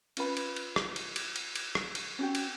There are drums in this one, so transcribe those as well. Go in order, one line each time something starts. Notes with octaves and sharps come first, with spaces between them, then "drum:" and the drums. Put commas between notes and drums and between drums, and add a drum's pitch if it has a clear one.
C#4 F4 B4 B5, drum: cymbal
drum: cymbal
drum: cymbal
drum: rim click
drum: cymbal
drum: cymbal
drum: cymbal
drum: cymbal
drum: rim click
drum: cymbal
C#4 F#4 G4
drum: cymbal